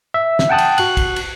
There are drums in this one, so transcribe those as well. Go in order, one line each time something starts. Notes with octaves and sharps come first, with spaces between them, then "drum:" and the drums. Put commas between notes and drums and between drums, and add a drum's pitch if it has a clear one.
E5
drum: snare
F#5 G5 A5 D#6 F#6
drum: cymbal
F#4 F#6, drum: cymbal
drum: kick, cymbal
drum: cymbal